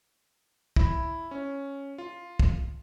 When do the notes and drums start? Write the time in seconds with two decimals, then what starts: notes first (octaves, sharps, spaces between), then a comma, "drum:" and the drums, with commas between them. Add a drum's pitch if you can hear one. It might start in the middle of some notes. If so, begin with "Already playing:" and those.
0.76 E4, drum: kick
1.31 C#4
1.98 F4
2.40 drum: kick